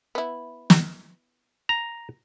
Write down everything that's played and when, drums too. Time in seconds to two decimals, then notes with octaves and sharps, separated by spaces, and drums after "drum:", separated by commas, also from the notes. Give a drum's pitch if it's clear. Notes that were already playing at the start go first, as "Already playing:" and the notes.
0.15 B3 E4
0.70 drum: snare
1.69 A#5